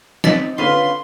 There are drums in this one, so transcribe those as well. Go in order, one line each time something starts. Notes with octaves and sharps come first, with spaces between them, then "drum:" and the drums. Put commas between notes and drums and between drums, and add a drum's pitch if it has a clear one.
C4 D#4 D#5 A6 B6, drum: snare
D3 C#4 F4 B4 C6 C7